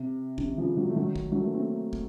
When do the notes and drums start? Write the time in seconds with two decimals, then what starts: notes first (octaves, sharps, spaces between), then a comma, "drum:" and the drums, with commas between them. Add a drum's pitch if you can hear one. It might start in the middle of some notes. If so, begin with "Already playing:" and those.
Already playing: C3
0.38 C3 D#3, drum: kick
0.58 C#3 F3
0.77 D#3 F#3
0.90 A3
0.96 D#3 F#3
1.16 drum: kick
1.32 F#3
1.40 A3
1.47 A#3
1.54 A3 C4
1.93 drum: kick